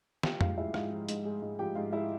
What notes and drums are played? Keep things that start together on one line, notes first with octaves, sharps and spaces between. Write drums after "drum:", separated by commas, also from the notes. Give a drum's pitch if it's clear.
F3 G4 G5, drum: snare
G#2 F4 F5, drum: tom
G#3 E4 E5
G#2 F4 F5, drum: rim click
F3
G#2, drum: hi-hat
G#3
G#2
F3 G4 G5
G#2 F4 F5
G#3 E4 E5